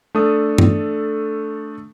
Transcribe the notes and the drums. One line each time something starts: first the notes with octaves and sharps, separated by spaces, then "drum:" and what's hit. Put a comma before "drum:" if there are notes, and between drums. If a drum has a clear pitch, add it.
A3 D4 A4 D#6
drum: tom G2